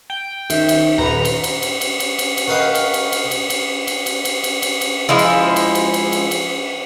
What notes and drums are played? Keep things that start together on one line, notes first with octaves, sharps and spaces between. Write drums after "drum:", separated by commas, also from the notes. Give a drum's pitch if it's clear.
G5
D#3 E5, drum: cymbal
drum: cymbal
D#1 B4 A#5
drum: cymbal
drum: cymbal
drum: cymbal
drum: cymbal
drum: cymbal
drum: cymbal
drum: cymbal
F#4 A#4 B4 D#5 F5 G5
drum: cymbal
drum: cymbal
drum: cymbal
drum: cymbal
drum: cymbal
drum: cymbal
drum: cymbal
drum: cymbal
drum: cymbal
drum: cymbal
drum: cymbal
F3 G#3 E4
drum: cymbal
drum: cymbal
drum: cymbal
drum: cymbal
drum: cymbal
drum: cymbal